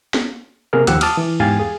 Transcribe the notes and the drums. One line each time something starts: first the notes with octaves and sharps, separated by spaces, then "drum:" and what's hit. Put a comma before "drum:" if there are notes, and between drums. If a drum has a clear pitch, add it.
drum: snare A#3
C3 A#3 G#4 A#4 F6
D#2 F3 G4 F#5 E6, drum: hi-hat
A5 D6 D#6 F6, drum: cymbal
E3
E2 G#2 G4 F5 G#5 A6
G#4